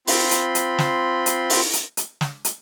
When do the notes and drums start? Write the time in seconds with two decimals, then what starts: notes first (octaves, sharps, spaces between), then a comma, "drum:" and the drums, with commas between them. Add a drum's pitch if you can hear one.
0.07 C4 F4 B5 C6, drum: open hi-hat
0.31 drum: hi-hat
0.55 drum: hi-hat
0.78 drum: snare
1.26 drum: hi-hat
1.50 drum: open hi-hat
1.73 drum: hi-hat
1.97 drum: hi-hat
2.21 drum: snare
2.45 drum: hi-hat